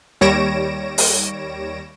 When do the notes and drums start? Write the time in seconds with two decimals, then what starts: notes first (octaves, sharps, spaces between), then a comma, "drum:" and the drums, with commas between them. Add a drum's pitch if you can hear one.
0.21 D#2 G3 C#5 A#6 D7 E7
0.98 drum: open hi-hat